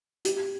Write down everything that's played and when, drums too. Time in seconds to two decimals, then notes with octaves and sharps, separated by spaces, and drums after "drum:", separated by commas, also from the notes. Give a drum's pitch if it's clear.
0.25 G4, drum: hi-hat